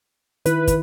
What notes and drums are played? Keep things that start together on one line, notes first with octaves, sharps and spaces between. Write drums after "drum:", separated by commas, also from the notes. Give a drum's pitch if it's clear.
D#3 E4 B4, drum: hi-hat
drum: kick, hi-hat